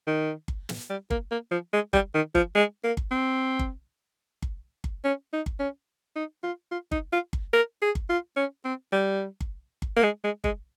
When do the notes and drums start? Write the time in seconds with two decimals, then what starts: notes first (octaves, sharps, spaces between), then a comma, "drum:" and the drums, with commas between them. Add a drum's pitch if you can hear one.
0.07 D#3
0.48 drum: kick G1
0.69 drum: snare
0.90 G3
1.10 A#3, drum: kick G1
1.31 A#3
1.51 F3
1.73 G#3
1.93 G3, drum: kick G1
2.15 D#3
2.35 F3, drum: kick G1
2.55 G#3
2.84 A#3
2.97 drum: kick G1
3.11 C4
3.59 drum: kick G1
4.42 drum: kick G1
4.84 drum: kick G1
5.04 C#4
5.33 D#4
5.46 drum: kick G1
5.59 C#4
6.16 D#4
6.43 F4
6.71 F4
6.91 D#4, drum: kick G1
7.13 F4
7.33 drum: kick G1
7.53 A#4
7.82 G#4
7.95 drum: kick G1
8.09 F4
8.36 C#4
8.65 C4
8.92 G3
9.41 drum: kick G1
9.82 drum: kick G1
9.96 A#3
10.03 G#3
10.24 G#3
10.44 G#3, drum: kick G1